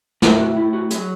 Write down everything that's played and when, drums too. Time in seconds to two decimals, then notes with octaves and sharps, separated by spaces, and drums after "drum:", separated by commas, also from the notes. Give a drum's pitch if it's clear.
0.22 A2 D4, drum: snare
0.40 F#4
0.56 A2 E4
0.73 F#4
0.90 F#3 G#4, drum: hi-hat